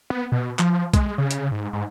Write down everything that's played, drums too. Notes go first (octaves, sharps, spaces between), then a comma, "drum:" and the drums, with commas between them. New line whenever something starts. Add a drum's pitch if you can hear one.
B3
B2
F3, drum: clap
G#3, drum: kick B1, hi-hat
C#3
drum: hi-hat
G#2
G#2